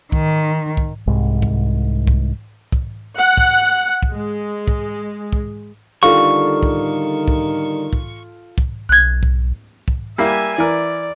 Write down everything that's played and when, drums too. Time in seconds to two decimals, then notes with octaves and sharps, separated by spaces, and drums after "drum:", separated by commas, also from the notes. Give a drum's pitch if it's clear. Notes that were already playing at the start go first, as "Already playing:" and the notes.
0.12 D#3, drum: kick
0.77 drum: kick
1.07 C2 G#2
1.42 drum: kick
2.07 drum: kick
2.72 drum: kick
3.17 F#5
3.37 drum: kick
4.03 drum: kick
4.13 G#3
4.68 drum: kick
5.33 drum: kick
6.03 D3 D#3 G3 F4 A4 D5 F5 C#6
6.63 drum: kick
7.28 drum: kick
7.93 drum: kick
8.58 drum: kick
8.89 B1 F#6 G#6
9.23 drum: kick
9.88 drum: kick
10.18 G3 A#3 E4 E5 G#5
10.58 E3 A#4 D5